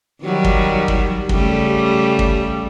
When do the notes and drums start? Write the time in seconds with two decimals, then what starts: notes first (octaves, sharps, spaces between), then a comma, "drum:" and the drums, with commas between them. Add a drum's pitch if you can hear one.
0.23 D#3 F#3 G3
0.44 drum: kick
0.88 drum: kick
1.29 C#3 G3 A3, drum: kick
2.19 drum: kick